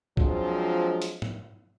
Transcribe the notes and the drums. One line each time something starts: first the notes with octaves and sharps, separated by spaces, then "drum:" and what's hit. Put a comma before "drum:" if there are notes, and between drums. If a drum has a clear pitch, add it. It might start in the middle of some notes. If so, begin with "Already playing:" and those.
F3 F#3 G#3 C4 D4 F4, drum: kick B1
drum: hi-hat
drum: tom G#2